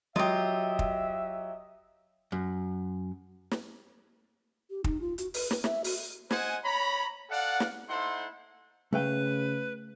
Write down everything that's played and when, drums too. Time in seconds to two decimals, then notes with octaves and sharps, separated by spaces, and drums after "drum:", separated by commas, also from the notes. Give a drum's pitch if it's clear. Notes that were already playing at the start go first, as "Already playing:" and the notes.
0.16 F#3 F4 G4 D#5 E5 D#6
0.79 drum: kick
2.32 F#2
3.51 drum: snare
4.70 G4
4.84 D#4, drum: kick
5.01 F4
5.18 F#4, drum: hi-hat
5.34 B4, drum: open hi-hat
5.51 B4, drum: snare
5.64 E5, drum: snare
5.84 F#4, drum: open hi-hat
6.31 C5 D#5 F#5 G#5, drum: snare
6.65 C#5 A#5 B5
7.30 A4 D5 F5 F#5
7.60 drum: snare
7.89 D#4 E4 A4 C5 F#5 C6
8.93 C#3 A3 B4 F5 G5